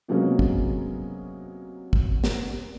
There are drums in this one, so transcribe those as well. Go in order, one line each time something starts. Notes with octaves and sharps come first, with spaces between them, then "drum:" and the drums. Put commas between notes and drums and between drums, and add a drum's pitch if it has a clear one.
C3 F#3 G#3 A#3 B3 C#4
drum: kick
drum: kick
drum: snare